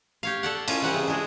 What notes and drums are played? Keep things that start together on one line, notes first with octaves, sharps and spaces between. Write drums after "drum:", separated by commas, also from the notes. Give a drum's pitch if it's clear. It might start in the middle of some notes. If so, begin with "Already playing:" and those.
G4 C#5 F5
A4 D5 F#5
C#4 F4, drum: cymbal
C3 E3 G3 F#5
C#3
G#3 D4